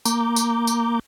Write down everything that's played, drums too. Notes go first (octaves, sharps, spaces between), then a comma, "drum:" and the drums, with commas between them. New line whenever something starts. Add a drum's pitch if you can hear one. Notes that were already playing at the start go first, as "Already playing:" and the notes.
A#3 A#5 D6 G6, drum: tambourine
drum: tambourine
drum: tambourine